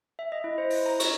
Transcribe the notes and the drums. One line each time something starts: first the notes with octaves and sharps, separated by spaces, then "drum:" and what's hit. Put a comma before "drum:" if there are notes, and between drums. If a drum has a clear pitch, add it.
E5
D#5
E4
C5
E4, drum: open hi-hat
A#5
C#6, drum: cymbal